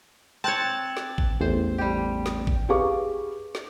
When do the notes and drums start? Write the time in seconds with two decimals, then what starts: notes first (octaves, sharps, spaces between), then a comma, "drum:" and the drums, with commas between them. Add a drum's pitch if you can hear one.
0.44 C4 C#5 A5 F#6 A6
0.97 drum: snare
1.18 drum: kick A1
1.40 A1 E2 C5
1.78 G3 G4
2.26 drum: snare
2.47 drum: kick A1
2.69 G4 G#4 B4 F5 C#6 D6
3.55 drum: snare